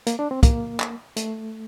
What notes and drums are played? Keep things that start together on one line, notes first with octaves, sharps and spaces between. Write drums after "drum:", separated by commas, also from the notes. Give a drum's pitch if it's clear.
A#3, drum: hi-hat
D4
C4
A#3, drum: kick, hi-hat
drum: clap
A3, drum: hi-hat